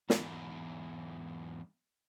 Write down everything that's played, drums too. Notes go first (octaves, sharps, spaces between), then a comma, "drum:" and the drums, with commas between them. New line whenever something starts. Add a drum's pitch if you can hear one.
E2 G#2, drum: snare